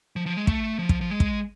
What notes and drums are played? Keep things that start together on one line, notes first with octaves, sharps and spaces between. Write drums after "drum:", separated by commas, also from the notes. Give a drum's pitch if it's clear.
F3
F3
G#3
A3, drum: kick
F3
drum: kick
F3
G#3
drum: kick